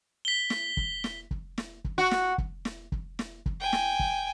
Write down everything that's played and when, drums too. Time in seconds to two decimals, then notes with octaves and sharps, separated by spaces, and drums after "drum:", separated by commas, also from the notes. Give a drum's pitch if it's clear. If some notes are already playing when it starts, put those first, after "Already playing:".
0.25 B6 G7
0.50 drum: snare
0.77 drum: kick
1.04 drum: snare
1.31 drum: kick
1.58 drum: snare
1.84 drum: kick
1.98 F#4
2.11 drum: snare
2.38 drum: kick
2.65 drum: snare
2.92 drum: kick
3.19 drum: snare
3.46 drum: kick
3.60 G5 G#5
3.73 drum: snare
3.99 drum: kick